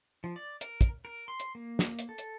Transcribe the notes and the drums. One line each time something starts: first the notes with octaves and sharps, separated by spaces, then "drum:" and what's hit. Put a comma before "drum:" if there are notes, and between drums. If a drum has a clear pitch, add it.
F3
D5
A#4, drum: hi-hat
drum: kick, hi-hat
A#4
C6
drum: hi-hat
A#3
drum: snare
drum: hi-hat
A4
drum: hi-hat